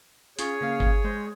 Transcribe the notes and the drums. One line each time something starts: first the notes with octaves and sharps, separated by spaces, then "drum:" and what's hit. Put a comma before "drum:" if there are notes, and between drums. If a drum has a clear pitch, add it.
C#4 F4 G#4 C#5, drum: hi-hat
C#3 A#3 F5
drum: kick G1
G#3 C5